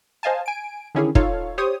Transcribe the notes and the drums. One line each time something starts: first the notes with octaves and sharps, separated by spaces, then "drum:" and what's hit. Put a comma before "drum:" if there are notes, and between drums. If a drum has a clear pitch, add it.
C5 D#5 F5 G#5 A5
G#5 D7
D3 D#3 C#4 E4 G4 G#4
D#4 F4 A4 C#5 F5, drum: kick
G4 C5 C#5 D#6